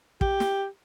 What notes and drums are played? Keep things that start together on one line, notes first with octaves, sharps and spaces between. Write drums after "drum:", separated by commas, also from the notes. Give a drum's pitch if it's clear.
G4, drum: kick
drum: snare